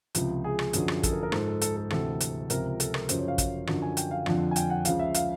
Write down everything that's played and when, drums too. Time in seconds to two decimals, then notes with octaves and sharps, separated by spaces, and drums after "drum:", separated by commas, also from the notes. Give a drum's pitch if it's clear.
0.15 C#2 C3 F3, drum: hi-hat
0.44 G#4
0.59 drum: rim click
0.73 F#2 D3 F3, drum: hi-hat
0.88 drum: rim click
1.03 A4, drum: kick, hi-hat
1.12 A#4
1.23 A#4
1.32 G#2 F3 A4, drum: rim click
1.48 A4
1.61 A4, drum: hi-hat
1.77 A4
1.90 D2 C3 E3 A4, drum: rim click
2.20 drum: hi-hat
2.50 C#2 C3 F3 A#4, drum: hi-hat
2.80 A4, drum: hi-hat
2.94 A#4, drum: rim click
3.09 F#2 C#3 F3 C5, drum: hi-hat
3.19 C#5
3.28 F5
3.38 drum: kick, hi-hat
3.67 F#2 D3 F3, drum: rim click
3.82 G#5
3.97 G5, drum: hi-hat
4.11 F5
4.26 F2 D3 F3, drum: rim click
4.51 G#5
4.56 G5, drum: hi-hat
4.70 F#5
4.85 C#2 C#3 F3 F5, drum: hi-hat
4.99 E5
5.14 F5, drum: hi-hat